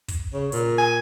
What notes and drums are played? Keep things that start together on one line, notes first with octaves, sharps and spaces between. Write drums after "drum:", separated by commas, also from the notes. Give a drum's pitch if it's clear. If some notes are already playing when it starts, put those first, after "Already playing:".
drum: kick, hi-hat
C#3
A#2, drum: hi-hat
G#5